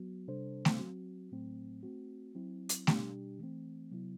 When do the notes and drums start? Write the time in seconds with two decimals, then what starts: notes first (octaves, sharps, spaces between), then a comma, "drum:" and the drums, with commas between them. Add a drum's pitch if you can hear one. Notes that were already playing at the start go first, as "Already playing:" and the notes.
Already playing: F#3 B3 F#4
0.28 C3 G3 D4 A4 C5
0.65 drum: snare A3
0.79 F#3 C4 F#4
1.32 A2 F#3 A3 C4
1.83 A3 C4 F#4
2.35 F#3 C4 E4
2.69 drum: hi-hat
2.87 B2 G3 D4 G4, drum: snare A3
3.38 E3 A3 C4
3.91 C3 F#3 B3 E4